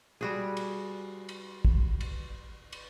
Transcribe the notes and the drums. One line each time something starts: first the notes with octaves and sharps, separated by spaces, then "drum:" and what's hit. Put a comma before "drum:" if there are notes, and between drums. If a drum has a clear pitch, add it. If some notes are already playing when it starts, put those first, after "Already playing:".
G3 F#4 G#4
drum: cymbal
drum: cymbal
drum: kick
drum: cymbal
drum: cymbal